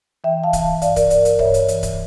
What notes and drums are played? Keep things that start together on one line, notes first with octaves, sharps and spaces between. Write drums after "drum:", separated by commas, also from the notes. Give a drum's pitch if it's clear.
E3 E5 G5
F5 A5
E3, drum: kick C#1, hi-hat
F5 A5
G2 D5 F5, drum: hi-hat
A#4 D5, drum: kick C#1, hi-hat
G2 A#4 D5, drum: hi-hat
drum: hi-hat
G2 C#5 E5, drum: kick C#1
drum: hi-hat
E3, drum: hi-hat
drum: kick C#1, hi-hat